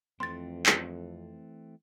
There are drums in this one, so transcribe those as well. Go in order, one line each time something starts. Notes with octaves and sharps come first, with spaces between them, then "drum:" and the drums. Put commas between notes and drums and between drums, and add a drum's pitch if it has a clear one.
F2 E3 A3 C4 C6 A6
drum: clap